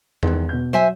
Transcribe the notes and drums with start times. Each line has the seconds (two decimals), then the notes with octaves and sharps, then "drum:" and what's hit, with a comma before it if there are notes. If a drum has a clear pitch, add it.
0.23 E2 D#3 G#3, drum: tom E2
0.49 B2 G6
0.73 F#3 C5 E5 G#5